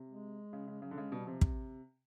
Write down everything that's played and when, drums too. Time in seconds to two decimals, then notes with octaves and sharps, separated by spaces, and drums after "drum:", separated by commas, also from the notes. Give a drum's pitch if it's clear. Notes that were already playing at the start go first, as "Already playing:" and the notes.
Already playing: C3
0.08 G#3
0.53 C#3
0.67 C#3
0.82 C#3 F#3
0.91 D3
0.97 C#3 G#3
1.12 B2 G3
1.27 C3 F3
1.41 drum: kick